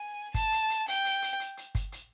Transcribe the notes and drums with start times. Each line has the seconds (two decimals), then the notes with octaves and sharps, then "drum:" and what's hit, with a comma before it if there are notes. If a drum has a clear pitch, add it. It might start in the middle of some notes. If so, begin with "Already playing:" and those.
Already playing: G#5
0.34 A5, drum: kick, hi-hat
0.52 drum: hi-hat
0.70 drum: hi-hat
0.88 G5, drum: hi-hat
1.05 drum: hi-hat
1.22 drum: hi-hat
1.40 drum: hi-hat
1.57 drum: hi-hat
1.75 drum: kick, hi-hat
1.92 drum: hi-hat